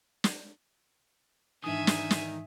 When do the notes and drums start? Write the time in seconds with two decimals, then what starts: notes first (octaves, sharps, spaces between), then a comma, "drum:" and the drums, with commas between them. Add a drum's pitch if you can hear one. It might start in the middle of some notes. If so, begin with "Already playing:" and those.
0.24 drum: snare
1.64 G#2 D#3 E3 D4 E5 G#5 D#6
1.87 drum: snare
2.10 drum: snare